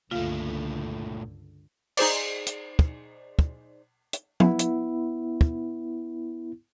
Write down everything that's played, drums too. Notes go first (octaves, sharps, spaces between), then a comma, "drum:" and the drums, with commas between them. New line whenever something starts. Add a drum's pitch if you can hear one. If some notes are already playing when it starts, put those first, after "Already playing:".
C#2 G2 A#2 D3 A3 F4 F5
D#4 G#4 C5 D5, drum: cymbal
drum: hi-hat
drum: kick
drum: kick
drum: hi-hat
B3 E4, drum: tom F3
drum: hi-hat
drum: kick